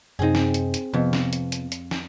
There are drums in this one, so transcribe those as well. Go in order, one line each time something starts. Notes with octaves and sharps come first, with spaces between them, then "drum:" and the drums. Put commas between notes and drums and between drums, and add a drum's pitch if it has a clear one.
F#2 C3 C4 D#4 G#4
drum: snare
drum: hi-hat
drum: hi-hat
F2 C3 F3 B3
drum: snare
drum: hi-hat
drum: hi-hat
drum: hi-hat
drum: snare